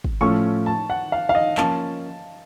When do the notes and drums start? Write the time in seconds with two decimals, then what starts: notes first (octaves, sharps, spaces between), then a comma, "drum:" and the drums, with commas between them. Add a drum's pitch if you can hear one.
0.04 drum: kick
0.21 A2 F3 A3 C#4 A4 C#6
0.66 A5
0.90 F#5
1.12 F5
1.29 F5
1.35 D#5
1.57 F3 A#3 C#4 F4 A5, drum: clap